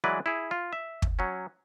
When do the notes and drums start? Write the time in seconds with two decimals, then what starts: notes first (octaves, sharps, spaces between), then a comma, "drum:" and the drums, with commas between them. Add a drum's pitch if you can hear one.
0.04 E3 F#3 G#3 B4 D5
0.26 E4 G#4
0.51 F4
0.73 E5
1.02 drum: kick
1.19 F#3 C#4